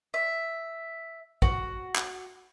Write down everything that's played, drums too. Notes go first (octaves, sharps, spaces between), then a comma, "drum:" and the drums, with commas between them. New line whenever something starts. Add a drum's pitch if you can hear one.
E5
F#4, drum: kick
drum: clap